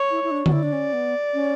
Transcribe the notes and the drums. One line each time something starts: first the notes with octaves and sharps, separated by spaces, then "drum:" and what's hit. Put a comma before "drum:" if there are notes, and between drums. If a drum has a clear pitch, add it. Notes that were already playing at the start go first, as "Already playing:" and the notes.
Already playing: C#5
E4
E4
D4
F#4, drum: tom D3
E4 D5
D4
C#4
B3
C#4